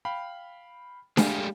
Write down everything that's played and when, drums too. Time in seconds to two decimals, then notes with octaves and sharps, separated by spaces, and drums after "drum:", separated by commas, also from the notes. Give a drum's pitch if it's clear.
0.05 F5 G5 B5
1.17 G#3 A3 G4 F5 G#5, drum: snare D4